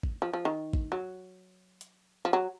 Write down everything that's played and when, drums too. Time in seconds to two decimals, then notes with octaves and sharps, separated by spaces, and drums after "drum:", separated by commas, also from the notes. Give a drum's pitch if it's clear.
0.03 drum: kick
0.22 F3
0.33 F3
0.45 D#3
0.73 drum: kick
0.92 F#3
1.81 drum: hi-hat
2.25 F3
2.33 F#3